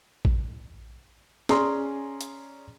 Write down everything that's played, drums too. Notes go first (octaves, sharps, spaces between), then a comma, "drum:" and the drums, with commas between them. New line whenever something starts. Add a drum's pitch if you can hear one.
drum: kick A1
C#4 G#4 D5 A#5 C6, drum: snare
drum: hi-hat